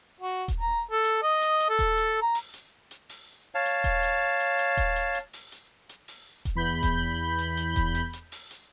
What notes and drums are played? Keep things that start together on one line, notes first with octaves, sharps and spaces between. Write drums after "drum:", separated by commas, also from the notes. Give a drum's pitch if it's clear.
F#4
drum: kick D#1, hi-hat
A#5
A4
drum: hi-hat
D#5
drum: hi-hat
drum: hi-hat
A4
drum: kick D#1, hi-hat
drum: hi-hat
A#5
drum: open hi-hat
drum: hi-hat
drum: hi-hat
drum: open hi-hat
C#5 F5 A5
drum: hi-hat
drum: kick D#1, hi-hat
drum: hi-hat
drum: hi-hat
drum: hi-hat
drum: kick D#1, hi-hat
drum: hi-hat
drum: hi-hat
drum: open hi-hat
drum: hi-hat
drum: hi-hat
drum: open hi-hat
drum: kick D#1, hi-hat
E2 B5 G6
drum: kick D#1, hi-hat
drum: hi-hat
drum: hi-hat
drum: kick D#1, hi-hat
drum: hi-hat
drum: hi-hat
drum: open hi-hat
drum: hi-hat